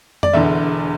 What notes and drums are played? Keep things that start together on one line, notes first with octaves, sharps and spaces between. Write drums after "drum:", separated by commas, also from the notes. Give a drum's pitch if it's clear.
D5, drum: tom F2
E1 E2 D3 E5